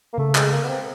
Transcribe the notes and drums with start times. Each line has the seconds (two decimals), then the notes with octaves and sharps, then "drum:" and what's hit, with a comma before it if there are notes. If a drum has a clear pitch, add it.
0.13 A#3
0.18 C#3 A3
0.35 G#3, drum: clap
0.52 A#3
0.64 B3
0.68 C4